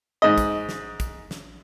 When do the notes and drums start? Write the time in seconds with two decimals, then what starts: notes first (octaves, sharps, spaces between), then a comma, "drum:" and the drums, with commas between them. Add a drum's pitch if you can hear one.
0.22 G#2 D#5
0.38 drum: kick, hi-hat
0.69 drum: snare
1.00 drum: kick, hi-hat
1.31 drum: snare